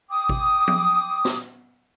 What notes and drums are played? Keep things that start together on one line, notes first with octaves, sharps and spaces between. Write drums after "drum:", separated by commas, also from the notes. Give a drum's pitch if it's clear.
G5 D6 D#6
drum: kick G#1
drum: tom F3
drum: snare